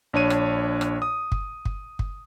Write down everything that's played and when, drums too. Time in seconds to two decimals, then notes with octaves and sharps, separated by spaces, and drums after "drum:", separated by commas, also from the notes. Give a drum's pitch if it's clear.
0.13 A#1 D4 C#5 D#7
0.30 drum: rim click
0.81 drum: rim click
1.02 D#6
1.32 drum: kick
1.65 drum: kick
1.99 drum: kick